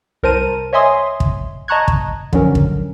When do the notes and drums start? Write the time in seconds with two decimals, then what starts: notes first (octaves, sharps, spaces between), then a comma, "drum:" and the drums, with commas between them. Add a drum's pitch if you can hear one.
0.23 C2 A#4 C5 A5 D#7
0.73 C#5 D#5 E5 G#5 C6 D#6
1.20 drum: kick
1.68 D#5 A5 A#5 C#6 F#6 G#6
1.88 drum: kick
2.33 D3 F3 F#3 C#4 A#4, drum: kick
2.55 drum: kick